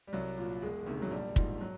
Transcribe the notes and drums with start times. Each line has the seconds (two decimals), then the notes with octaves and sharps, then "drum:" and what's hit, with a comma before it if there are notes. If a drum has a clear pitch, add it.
0.07 G3
0.13 C2 F#3
0.38 A#2 F3
0.62 E1 G#3
0.86 D2 C3 D#3
1.02 F#3
1.11 A#1 G3
1.36 G#2 F3, drum: kick
1.61 F#3